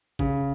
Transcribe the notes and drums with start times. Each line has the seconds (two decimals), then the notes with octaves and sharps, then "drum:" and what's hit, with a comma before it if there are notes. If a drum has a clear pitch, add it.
0.19 C#3, drum: kick